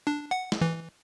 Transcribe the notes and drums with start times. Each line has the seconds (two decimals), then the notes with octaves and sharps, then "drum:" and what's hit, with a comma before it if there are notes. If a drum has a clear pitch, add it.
0.07 D4
0.31 F#5
0.52 drum: snare
0.61 E3